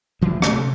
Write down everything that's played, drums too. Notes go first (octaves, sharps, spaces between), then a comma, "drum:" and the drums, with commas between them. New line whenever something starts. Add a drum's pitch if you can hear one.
D2 E3
A3, drum: rim click
C3